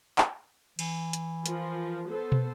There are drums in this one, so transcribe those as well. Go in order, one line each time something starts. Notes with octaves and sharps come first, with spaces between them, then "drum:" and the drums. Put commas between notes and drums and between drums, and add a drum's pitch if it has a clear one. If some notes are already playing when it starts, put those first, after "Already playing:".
drum: clap
E3, drum: cymbal
drum: hi-hat
F3 F4 A#4, drum: hi-hat
B3 A4 C5
drum: tom